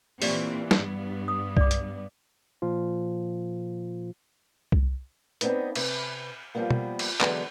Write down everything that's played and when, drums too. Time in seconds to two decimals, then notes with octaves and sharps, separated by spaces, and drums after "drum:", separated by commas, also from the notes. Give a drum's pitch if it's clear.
0.22 A#2 E3 C4 G4 D5 C#6, drum: open hi-hat
0.71 G2 B3, drum: snare
1.28 D#6
1.57 D5 D6, drum: kick C2
1.71 drum: hi-hat
2.62 A#2 F3 F4
4.72 drum: kick C2
5.41 B3 C4 D4 D#4 B4, drum: hi-hat
5.75 C3 B4, drum: cymbal
6.55 F3 G3 A#3 B3
6.71 drum: tom
6.99 drum: cymbal
7.21 D3 E3 F#3 G#3 B3 D4, drum: clap